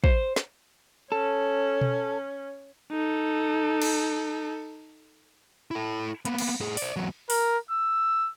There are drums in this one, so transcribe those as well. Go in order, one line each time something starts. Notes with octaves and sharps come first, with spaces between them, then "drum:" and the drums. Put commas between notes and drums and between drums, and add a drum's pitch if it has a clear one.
C5, drum: kick
drum: snare
C#4 A4
drum: tom B2
D#4 A4
drum: cymbal
E4 A4
A#3 B3, drum: hi-hat
drum: cymbal
A2 G#4
C5 D5, drum: open hi-hat
E2 F#3
A#4, drum: open hi-hat
E6